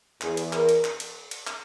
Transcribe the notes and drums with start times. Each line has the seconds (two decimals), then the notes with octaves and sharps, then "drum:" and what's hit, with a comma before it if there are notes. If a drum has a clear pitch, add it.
0.21 E2 E3 G#4, drum: clap
0.37 drum: cymbal
0.53 A#4, drum: clap
0.69 drum: cymbal
0.84 drum: clap
1.00 drum: cymbal
1.31 drum: cymbal
1.47 drum: clap